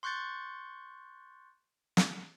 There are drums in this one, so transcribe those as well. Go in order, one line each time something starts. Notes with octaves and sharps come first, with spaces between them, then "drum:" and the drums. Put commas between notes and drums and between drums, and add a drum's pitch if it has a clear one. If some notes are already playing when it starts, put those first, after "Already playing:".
C6 C#6 F#6 G6 A6 C#7
drum: snare